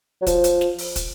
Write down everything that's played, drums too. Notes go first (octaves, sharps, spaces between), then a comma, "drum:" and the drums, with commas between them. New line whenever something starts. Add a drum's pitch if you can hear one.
F#3
F3, drum: kick, hi-hat
drum: hi-hat
drum: snare
drum: open hi-hat
drum: kick, hi-hat